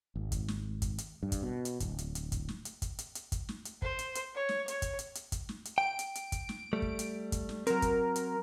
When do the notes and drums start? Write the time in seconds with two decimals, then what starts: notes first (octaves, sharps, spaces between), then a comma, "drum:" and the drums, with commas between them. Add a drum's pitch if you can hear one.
0.16 G#1
0.32 drum: kick, hi-hat
0.48 drum: snare
0.82 drum: kick, hi-hat
0.98 drum: hi-hat
1.23 G2
1.32 drum: kick, hi-hat
1.43 B2
1.65 drum: hi-hat
1.80 D1, drum: kick, hi-hat
1.98 drum: hi-hat
2.15 drum: hi-hat
2.32 drum: kick, hi-hat
2.49 drum: snare
2.65 drum: hi-hat
2.82 drum: kick, hi-hat
2.99 drum: hi-hat
3.15 drum: hi-hat
3.32 drum: kick, hi-hat
3.49 drum: snare
3.65 drum: hi-hat
3.82 C5, drum: kick
3.99 drum: hi-hat
4.15 drum: hi-hat
4.35 C#5
4.49 drum: snare
4.68 C#5, drum: hi-hat
4.82 drum: kick, hi-hat
4.99 drum: hi-hat
5.15 drum: hi-hat
5.32 drum: kick, hi-hat
5.49 drum: snare
5.65 drum: hi-hat
5.78 G5 D7
5.99 drum: hi-hat
6.15 drum: hi-hat
6.32 drum: kick, hi-hat
6.49 drum: snare
6.73 G3 A3
6.82 drum: kick
6.99 drum: hi-hat
7.32 drum: kick, hi-hat
7.49 drum: snare
7.67 F#3 C4 A#4, drum: hi-hat
7.82 drum: kick, hi-hat
8.16 drum: hi-hat